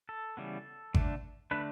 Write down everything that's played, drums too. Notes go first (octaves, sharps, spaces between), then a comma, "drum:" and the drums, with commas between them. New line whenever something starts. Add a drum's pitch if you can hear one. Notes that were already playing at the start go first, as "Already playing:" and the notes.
A4
C#3 E3 G3 B3
D3 A3 D4, drum: kick G#1
D3 A3 D4 B4